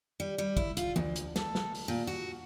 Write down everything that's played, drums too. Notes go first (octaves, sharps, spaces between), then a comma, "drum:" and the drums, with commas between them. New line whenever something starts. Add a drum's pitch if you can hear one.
G3
G3
E4, drum: kick
F4, drum: hi-hat
D2, drum: tom
drum: hi-hat
A4, drum: snare
drum: snare
drum: open hi-hat
A#2
F#4